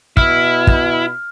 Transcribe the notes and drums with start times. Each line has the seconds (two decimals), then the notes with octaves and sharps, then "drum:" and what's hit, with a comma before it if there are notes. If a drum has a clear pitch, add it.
0.17 B2 E4 F6, drum: kick
0.67 drum: kick